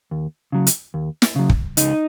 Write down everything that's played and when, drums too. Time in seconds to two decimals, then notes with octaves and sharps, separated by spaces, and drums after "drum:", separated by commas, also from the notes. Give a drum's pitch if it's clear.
0.11 D#2
0.52 C#3 F#3
0.67 drum: hi-hat
0.94 D#2
1.22 drum: snare
1.36 C#3 F#3
1.49 drum: kick
1.77 C#2 D#4, drum: hi-hat